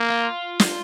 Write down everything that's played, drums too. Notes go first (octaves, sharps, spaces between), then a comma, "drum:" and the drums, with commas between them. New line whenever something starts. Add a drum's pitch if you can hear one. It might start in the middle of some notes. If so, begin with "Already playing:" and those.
Already playing: A#3
F4
drum: snare